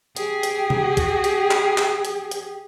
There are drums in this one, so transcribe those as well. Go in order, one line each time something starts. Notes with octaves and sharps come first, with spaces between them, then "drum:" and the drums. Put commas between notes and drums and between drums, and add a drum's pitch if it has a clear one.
G4 G#4, drum: hi-hat
drum: hi-hat
drum: tom C3
drum: kick, hi-hat
drum: hi-hat
drum: clap
drum: clap
drum: hi-hat
drum: hi-hat